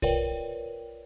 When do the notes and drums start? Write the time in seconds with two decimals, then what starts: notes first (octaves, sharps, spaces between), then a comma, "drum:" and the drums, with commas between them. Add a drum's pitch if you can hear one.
0.02 F4 A#4 B4 C#5 D5 G5, drum: kick